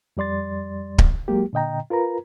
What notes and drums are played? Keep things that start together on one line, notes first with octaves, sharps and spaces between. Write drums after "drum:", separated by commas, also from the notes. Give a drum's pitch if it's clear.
F2 G3 D5 C6 A6
drum: kick D1
F#3 G#3 A#3 G4
A#2 D3 D#5 G5 A#5
F4 A#4 B4 A#5